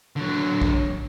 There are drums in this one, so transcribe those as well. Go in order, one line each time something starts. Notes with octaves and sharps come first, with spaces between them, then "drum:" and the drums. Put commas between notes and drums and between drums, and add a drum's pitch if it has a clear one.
D3 F#3
drum: kick A#1